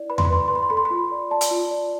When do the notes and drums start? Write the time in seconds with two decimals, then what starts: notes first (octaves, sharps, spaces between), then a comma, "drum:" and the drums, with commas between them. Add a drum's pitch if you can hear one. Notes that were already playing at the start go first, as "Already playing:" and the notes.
Already playing: E4 D5
0.10 B4 B5
0.18 C6, drum: tom E2
0.25 B5
0.30 B4 C6
0.40 B5
0.48 B4 C6
0.55 B5
0.63 C6
0.70 A4 B5
0.77 C6
0.85 B5
0.91 F4
1.11 D5
1.31 D5 A5
1.41 drum: hi-hat
1.51 F4
1.71 D5